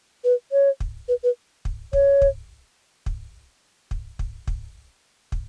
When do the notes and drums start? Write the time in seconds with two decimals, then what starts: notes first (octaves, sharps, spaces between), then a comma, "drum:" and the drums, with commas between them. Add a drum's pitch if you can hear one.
0.24 B4
0.52 C#5
0.80 drum: kick
1.08 B4
1.23 B4
1.65 drum: kick
1.93 C#5, drum: kick
2.22 drum: kick
3.06 drum: kick
3.91 drum: kick
4.19 drum: kick
4.47 drum: kick
5.32 drum: kick